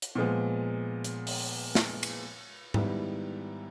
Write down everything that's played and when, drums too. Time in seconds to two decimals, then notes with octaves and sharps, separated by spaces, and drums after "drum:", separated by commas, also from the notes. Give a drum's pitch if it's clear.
0.02 drum: hi-hat
0.15 A#2 F3 G#3 B3
1.04 drum: hi-hat
1.27 drum: open hi-hat
1.75 drum: snare
2.03 drum: cymbal
2.74 G#2 D#3 G3 B3 E4, drum: tom G#2